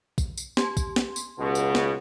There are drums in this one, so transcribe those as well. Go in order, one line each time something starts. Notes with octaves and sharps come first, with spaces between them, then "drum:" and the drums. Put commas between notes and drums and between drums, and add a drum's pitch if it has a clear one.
drum: kick, tambourine
drum: tambourine
G4 C6, drum: snare
drum: kick, tambourine
drum: snare
drum: tambourine
C#2 B2
drum: tambourine
drum: snare